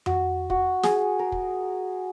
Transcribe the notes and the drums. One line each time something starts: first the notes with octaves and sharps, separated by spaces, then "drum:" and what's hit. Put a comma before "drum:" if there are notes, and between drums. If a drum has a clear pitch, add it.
F#4, drum: tom F2
F#4, drum: kick
G#4, drum: snare
A#4
drum: kick